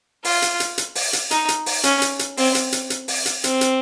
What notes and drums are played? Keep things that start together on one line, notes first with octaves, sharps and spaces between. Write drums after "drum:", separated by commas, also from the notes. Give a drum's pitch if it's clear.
F4, drum: open hi-hat
drum: hi-hat
drum: hi-hat
drum: hi-hat
drum: open hi-hat
drum: hi-hat
D#4, drum: hi-hat
drum: hi-hat
drum: open hi-hat
C#4, drum: hi-hat
drum: hi-hat
drum: hi-hat
C4, drum: open hi-hat
drum: hi-hat
drum: hi-hat
drum: hi-hat
drum: open hi-hat
drum: hi-hat
C4, drum: hi-hat
drum: hi-hat